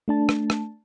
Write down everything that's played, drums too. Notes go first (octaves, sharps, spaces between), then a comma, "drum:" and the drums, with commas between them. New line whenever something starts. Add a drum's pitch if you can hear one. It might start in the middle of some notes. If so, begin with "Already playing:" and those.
A3 D4 A5
drum: rim click
drum: rim click